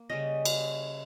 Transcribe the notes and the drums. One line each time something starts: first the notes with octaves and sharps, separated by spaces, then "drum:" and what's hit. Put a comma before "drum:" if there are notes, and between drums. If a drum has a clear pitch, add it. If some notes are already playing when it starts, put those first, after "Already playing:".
Already playing: A#3
C#3 G3 C#4 D#5
drum: cymbal